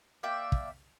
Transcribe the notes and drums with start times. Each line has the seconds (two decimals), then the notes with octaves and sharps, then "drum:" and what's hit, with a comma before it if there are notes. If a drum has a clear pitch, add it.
0.23 A#3 D5 E5 G5
0.52 drum: kick